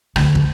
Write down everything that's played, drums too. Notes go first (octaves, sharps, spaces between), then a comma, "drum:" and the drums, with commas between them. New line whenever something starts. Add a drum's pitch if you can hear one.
D2, drum: rim click
drum: kick